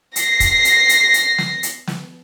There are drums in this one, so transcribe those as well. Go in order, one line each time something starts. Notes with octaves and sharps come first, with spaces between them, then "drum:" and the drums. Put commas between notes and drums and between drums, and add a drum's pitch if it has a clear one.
A#6 C7, drum: hi-hat
drum: kick, hi-hat
drum: hi-hat
drum: hi-hat
drum: hi-hat
drum: snare
drum: hi-hat
drum: snare